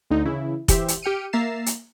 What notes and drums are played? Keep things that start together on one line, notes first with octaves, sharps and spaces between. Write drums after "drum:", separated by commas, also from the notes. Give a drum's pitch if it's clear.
D2 D3 D#4
C#3 E3 E4
E3 G4 C5 E5, drum: kick F1, hi-hat
drum: hi-hat
G4 G5 F6 C#7 D#7
A#3 E5 A#5 A6 C7 E7
drum: hi-hat